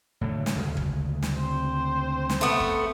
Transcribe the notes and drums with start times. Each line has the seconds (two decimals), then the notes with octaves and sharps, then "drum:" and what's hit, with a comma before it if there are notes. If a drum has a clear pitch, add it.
0.21 A2 D3
0.46 drum: snare
0.56 D2 C#3 G#3
0.77 drum: kick
1.23 drum: snare
1.38 C4 C5
2.30 drum: snare
2.41 A3 B3
2.60 drum: kick